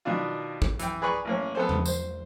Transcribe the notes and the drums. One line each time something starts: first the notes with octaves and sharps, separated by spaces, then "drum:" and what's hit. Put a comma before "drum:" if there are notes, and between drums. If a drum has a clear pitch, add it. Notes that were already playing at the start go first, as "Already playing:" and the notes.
B2 D#3 D4 F4
drum: kick A1
E3 G5, drum: hi-hat
G#4 B4 D5 A#5 B5 C#6
A1 A#3 C#4
B3 A4 C5
drum: tom E2
C5, drum: tambourine